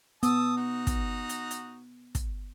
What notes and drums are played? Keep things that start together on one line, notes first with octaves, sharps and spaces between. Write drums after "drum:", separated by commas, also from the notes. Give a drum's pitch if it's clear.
B3 A5 D#6 E6, drum: hi-hat
D#4 F#4
drum: kick, hi-hat
drum: hi-hat
drum: hi-hat
drum: kick, hi-hat